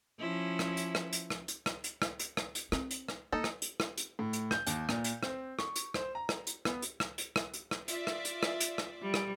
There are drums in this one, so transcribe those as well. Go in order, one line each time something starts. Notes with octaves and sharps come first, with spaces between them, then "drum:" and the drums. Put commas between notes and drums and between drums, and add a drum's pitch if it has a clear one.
F3 C#4 E4
drum: rim click
drum: hi-hat
drum: rim click
drum: hi-hat
drum: rim click
drum: hi-hat
drum: rim click
drum: hi-hat
drum: rim click
drum: hi-hat
drum: rim click
drum: hi-hat
C4, drum: rim click
drum: hi-hat
drum: rim click
A#3 D#4 A4
drum: rim click
drum: hi-hat
drum: rim click
drum: hi-hat
A2
drum: hi-hat
G6, drum: rim click
D#2, drum: hi-hat
A#2, drum: rim click
drum: hi-hat
C4, drum: rim click
C#6, drum: rim click
drum: hi-hat
C5, drum: rim click
A#5
drum: rim click
drum: hi-hat
B3, drum: rim click
drum: hi-hat
drum: rim click
drum: hi-hat
drum: rim click
drum: hi-hat
drum: rim click
F4 D5 E5, drum: hi-hat
drum: rim click
drum: hi-hat
drum: rim click
drum: hi-hat
drum: rim click
G3
drum: rim click